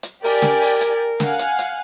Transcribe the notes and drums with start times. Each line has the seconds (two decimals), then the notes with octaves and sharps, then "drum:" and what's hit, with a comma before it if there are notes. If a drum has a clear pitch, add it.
0.03 drum: hi-hat
0.24 G4 A#4 D5 G#5, drum: open hi-hat
0.42 drum: snare
0.62 drum: open hi-hat
0.81 drum: hi-hat
1.20 F5 F#5 G#5, drum: snare
1.39 drum: hi-hat
1.59 drum: hi-hat